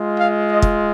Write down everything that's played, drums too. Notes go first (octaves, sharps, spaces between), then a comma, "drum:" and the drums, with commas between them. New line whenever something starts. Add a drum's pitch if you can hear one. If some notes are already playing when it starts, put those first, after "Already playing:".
Already playing: G#3 F4
F5
D#5
drum: kick